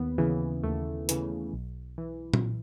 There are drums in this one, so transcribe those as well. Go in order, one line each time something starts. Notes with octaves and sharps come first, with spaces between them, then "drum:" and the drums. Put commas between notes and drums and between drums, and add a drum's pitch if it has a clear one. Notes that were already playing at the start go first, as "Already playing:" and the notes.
Already playing: D#2 B3
C#3 E3
D#2 A3
C#3 E3, drum: hi-hat
B1
E3
drum: tom A#2